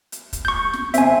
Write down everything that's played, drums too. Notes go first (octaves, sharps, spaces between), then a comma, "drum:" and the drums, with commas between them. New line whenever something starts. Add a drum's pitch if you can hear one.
drum: hi-hat
drum: kick, hi-hat
C#6 G6
drum: snare
C4 E5 G#5, drum: hi-hat